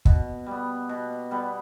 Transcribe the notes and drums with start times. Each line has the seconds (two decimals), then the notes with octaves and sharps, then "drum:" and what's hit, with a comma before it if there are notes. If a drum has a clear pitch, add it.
0.05 B2, drum: kick
0.46 G3 B3
0.89 B2
1.31 G3 B3